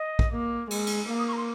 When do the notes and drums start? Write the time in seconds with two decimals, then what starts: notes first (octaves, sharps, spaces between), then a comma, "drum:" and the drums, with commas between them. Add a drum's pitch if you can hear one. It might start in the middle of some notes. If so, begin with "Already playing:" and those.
Already playing: D#5
0.19 drum: kick
0.32 A#3
0.71 G#3, drum: cymbal
0.87 drum: cymbal
1.09 A#3 F5
1.19 D#6
1.28 C#6
1.33 A#5
1.37 C6